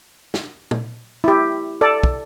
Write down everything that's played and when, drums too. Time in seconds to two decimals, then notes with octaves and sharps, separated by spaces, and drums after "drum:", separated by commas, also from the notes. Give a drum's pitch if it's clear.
0.34 drum: snare
0.71 drum: tom
1.24 E4 G4
1.81 A4 D5
2.03 drum: kick